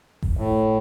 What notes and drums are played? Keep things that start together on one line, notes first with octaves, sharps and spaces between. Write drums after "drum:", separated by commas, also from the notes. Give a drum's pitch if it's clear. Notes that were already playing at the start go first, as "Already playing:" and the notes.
drum: kick G1
A2